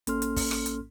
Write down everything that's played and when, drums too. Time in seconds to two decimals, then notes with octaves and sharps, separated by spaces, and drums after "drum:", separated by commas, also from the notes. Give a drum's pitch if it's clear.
0.07 A1 A#3 C#4 A4 C6 F6, drum: hi-hat
0.22 drum: hi-hat
0.36 drum: kick, open hi-hat
0.51 drum: rim click
0.66 drum: hi-hat